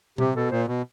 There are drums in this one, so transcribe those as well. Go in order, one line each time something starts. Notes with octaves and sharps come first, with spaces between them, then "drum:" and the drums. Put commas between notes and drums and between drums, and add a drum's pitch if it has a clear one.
C3 G4, drum: tom A#2
B2 A4
A#2 C5
B2